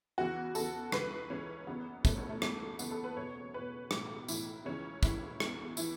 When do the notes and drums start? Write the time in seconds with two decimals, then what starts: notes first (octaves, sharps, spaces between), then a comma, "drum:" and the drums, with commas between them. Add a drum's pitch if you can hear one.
0.18 E2 C#3 E3 F#4
0.55 E2 C#3 E3 A4, drum: tambourine
0.92 C#2 C#3 E3 B4, drum: rim click
1.30 C#2 C#3 E3 C#4
1.67 F#1 F#2 C#3 E3 B3
2.05 F#1 F#2 C#3 E3 A3, drum: kick, tambourine
2.18 C#4
2.29 A3
2.42 F#1 E2 C#3 E3 A3, drum: rim click
2.79 F#1 E2 C#3 E3 B3, drum: tambourine
2.91 A4
3.04 B4
3.16 F#1 E2 B2 C#5
3.54 F#1 E2 B2 B4
3.91 B1 A2 E3, drum: rim click
4.28 B1 A2 E3 E4, drum: tambourine
4.65 C#2 C#3 E3 C#4
5.03 C#2 C#3 E3 E4, drum: kick, tambourine
5.40 E2 E3, drum: rim click
5.77 E3 E4, drum: tambourine